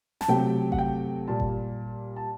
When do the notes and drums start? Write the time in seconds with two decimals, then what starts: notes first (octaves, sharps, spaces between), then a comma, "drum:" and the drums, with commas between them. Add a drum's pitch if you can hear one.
0.21 A5, drum: snare
0.28 C3 F#3 A3 G5
0.72 F#5, drum: kick G1
0.78 G5
1.28 A#2 G3 A5
1.40 drum: kick G1
2.16 A5